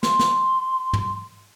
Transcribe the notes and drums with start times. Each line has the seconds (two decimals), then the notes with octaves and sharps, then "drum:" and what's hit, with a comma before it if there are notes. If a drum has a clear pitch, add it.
0.03 C6, drum: snare
0.19 drum: snare
0.93 drum: tom